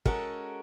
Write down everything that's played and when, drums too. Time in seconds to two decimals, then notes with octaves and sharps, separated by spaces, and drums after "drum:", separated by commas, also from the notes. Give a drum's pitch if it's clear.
0.05 G#3 C#4 F#4 A4 A#4, drum: kick